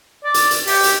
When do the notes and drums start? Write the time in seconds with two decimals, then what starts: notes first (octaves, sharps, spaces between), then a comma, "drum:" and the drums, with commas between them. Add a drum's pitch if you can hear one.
0.25 D5
0.34 drum: hi-hat
0.51 drum: hi-hat
0.67 G4, drum: open hi-hat
0.83 drum: hi-hat